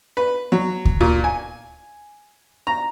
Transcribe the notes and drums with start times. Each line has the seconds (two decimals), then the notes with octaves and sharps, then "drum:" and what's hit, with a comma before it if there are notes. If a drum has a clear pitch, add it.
0.17 B4
0.52 F#3
0.85 drum: kick D2
1.01 A#2
1.24 G#5
2.67 A#5